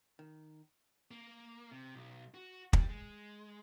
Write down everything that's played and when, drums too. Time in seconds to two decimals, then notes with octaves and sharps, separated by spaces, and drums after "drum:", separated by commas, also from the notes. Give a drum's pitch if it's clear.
0.19 D#3
1.11 A#3
1.72 C3
1.94 B1
2.34 F#4
2.73 G3, drum: kick
2.89 G#3